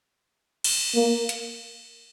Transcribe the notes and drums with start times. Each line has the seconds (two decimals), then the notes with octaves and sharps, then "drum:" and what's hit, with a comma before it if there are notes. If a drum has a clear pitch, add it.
0.64 drum: cymbal
0.94 A#3
1.29 drum: hi-hat